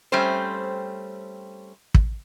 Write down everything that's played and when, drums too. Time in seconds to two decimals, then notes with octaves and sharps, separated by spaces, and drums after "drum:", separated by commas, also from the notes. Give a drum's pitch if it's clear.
0.12 G3 A3 C4 C#4 C5
1.94 drum: kick